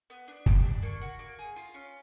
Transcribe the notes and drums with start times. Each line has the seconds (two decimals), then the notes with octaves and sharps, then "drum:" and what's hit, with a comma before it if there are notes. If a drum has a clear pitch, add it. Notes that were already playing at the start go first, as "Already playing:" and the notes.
0.10 B3
0.28 D4
0.46 G4, drum: kick
0.65 D4
0.82 A#3 C#6
1.01 F#4
1.19 A#3
1.39 G#4
1.56 F4
1.74 C#4